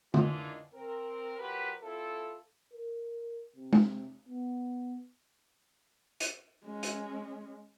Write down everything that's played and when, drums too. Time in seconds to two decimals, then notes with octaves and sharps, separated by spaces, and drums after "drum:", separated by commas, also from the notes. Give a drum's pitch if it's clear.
0.14 E3 G#3 A#3 D4 D#4 F4, drum: tom D3
0.74 C4 A#4
1.39 F#3 F4 G4 A#4 B4
1.82 C4 E4 F4 A4
2.73 A#4
3.56 C3
3.73 drum: tom G#3
4.29 B3
6.20 drum: hi-hat
6.65 G#3 C#4
6.83 drum: hi-hat